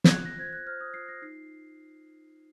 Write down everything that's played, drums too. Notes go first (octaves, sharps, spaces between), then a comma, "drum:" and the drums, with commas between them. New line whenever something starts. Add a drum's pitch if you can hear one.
G#6, drum: snare
F4 F#6
A#6
C5 G#6
F#6
C5 F6
D#6
F4 C7
A#6
D#4 C7